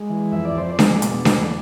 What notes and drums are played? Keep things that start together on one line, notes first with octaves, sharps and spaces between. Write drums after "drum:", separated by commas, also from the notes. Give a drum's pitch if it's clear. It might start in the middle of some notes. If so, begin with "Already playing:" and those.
Already playing: G#3
E3
F2 E5
D5
F2 C5
D5
G#3, drum: snare D4
B2, drum: hi-hat
E2, drum: snare D4